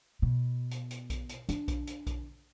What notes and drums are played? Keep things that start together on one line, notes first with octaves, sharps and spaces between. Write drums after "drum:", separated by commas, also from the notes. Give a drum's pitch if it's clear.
B2
drum: hi-hat
drum: hi-hat
drum: kick A#1, hi-hat
drum: hi-hat
D4, drum: hi-hat
drum: kick A#1, hi-hat
drum: hi-hat
drum: kick A#1, hi-hat